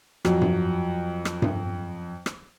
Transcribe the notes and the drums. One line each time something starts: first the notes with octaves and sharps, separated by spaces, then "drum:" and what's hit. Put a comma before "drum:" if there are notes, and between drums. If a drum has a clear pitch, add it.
F2 F#3, drum: rim click
drum: tom G2
drum: rim click
drum: tom G2
drum: rim click